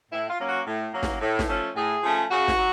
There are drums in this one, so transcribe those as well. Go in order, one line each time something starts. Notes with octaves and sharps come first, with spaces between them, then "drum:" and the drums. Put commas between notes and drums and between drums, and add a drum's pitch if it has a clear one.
A2 E4
F4
F#3 A#3 C#4
F#4
A2
F#3 A#3 C#4
drum: snare
A2
drum: snare
F3 A3 C#4
A2 G#4
F3 A3 C#4
C#3 F#4
drum: snare
F#3